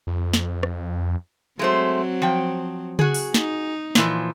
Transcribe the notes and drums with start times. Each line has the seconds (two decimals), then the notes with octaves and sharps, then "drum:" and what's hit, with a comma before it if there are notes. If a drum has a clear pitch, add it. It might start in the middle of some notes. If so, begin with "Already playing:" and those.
0.07 F2
0.34 drum: snare
0.63 drum: rim click
1.59 F#3 G#3 A3 C4 C5
2.22 F3 G5
2.99 F#4 G#4, drum: tom C#3
3.14 drum: open hi-hat
3.34 D#4, drum: snare
3.95 A#2 E3 F3, drum: snare